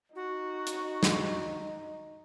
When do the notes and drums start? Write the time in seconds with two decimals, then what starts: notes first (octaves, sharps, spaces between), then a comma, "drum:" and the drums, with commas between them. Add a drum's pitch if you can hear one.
0.16 D#4 F#4
0.67 drum: hi-hat
1.03 drum: snare